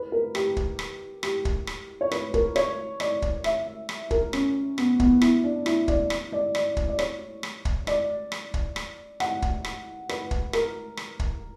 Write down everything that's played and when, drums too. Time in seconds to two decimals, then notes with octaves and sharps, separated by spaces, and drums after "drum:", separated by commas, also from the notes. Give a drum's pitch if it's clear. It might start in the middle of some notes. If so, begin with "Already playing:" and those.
Already playing: B4
0.12 A#4
0.35 G4, drum: rim click
0.57 drum: kick
0.79 drum: rim click
1.23 G4, drum: rim click
1.45 drum: kick
1.67 drum: rim click
2.01 C#5
2.11 B4, drum: rim click
2.34 A#4, drum: kick
2.56 C#5, drum: rim click
3.00 D5, drum: rim click
3.22 drum: kick
3.44 E5, drum: rim click
3.89 drum: rim click
4.11 A#4, drum: kick
4.33 C#4, drum: rim click
4.78 B3, drum: rim click
5.00 B3, drum: kick
5.21 E4, drum: rim click
5.44 D4
5.66 E4, drum: rim click
5.88 D5, drum: kick
6.10 drum: rim click
6.32 D5
6.55 D5, drum: rim click
6.77 drum: kick
6.89 D5
6.99 C#5, drum: rim click
7.43 drum: rim click
7.65 drum: kick
7.87 D5, drum: rim click
8.32 drum: rim click
8.54 drum: kick
8.76 drum: rim click
9.20 F#5, drum: rim click
9.42 drum: kick
9.64 drum: rim click
10.09 B4, drum: rim click
10.31 drum: kick
10.53 A#4, drum: rim click
10.97 drum: rim click
11.19 drum: kick